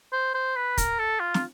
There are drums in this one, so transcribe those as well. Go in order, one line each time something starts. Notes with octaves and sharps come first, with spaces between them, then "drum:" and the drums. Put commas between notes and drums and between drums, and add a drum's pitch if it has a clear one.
C5
C5
B4
A#4, drum: kick, hi-hat
A4
F4
drum: snare